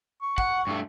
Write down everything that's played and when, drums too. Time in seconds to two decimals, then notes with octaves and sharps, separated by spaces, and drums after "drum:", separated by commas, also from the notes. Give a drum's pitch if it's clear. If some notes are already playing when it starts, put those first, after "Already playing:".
0.22 C#6
0.38 F#5, drum: kick
0.67 G2 A3